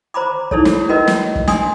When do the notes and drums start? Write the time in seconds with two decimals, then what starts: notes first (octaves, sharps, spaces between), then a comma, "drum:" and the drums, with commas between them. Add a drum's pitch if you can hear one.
0.14 C5 A#5 B5 D6
0.51 D#4 E4 G#4 A4 C#5, drum: kick
0.65 drum: snare
0.89 C#4 F4 F#4 A#4 B4 D#5
1.07 drum: snare
1.36 drum: kick
1.47 D4 G#5 C6 D#6, drum: snare